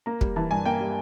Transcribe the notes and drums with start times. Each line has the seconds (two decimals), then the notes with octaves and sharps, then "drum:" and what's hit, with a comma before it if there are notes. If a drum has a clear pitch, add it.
0.06 A#3 A#5
0.21 G3, drum: kick
0.36 E3 A5
0.51 G2 G#5
0.65 A#3 G5
0.80 G3